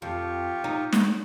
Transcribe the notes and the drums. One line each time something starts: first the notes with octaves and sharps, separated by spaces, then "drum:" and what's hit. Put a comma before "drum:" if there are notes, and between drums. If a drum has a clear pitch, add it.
F2 F4 G4 C#6
D#4
drum: snare